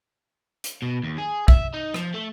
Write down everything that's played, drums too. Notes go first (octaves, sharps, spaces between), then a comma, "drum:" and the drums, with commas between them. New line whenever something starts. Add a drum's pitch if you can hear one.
drum: hi-hat
B2
D#2
G#4
E5, drum: kick B1
D#4
F3, drum: rim click
A3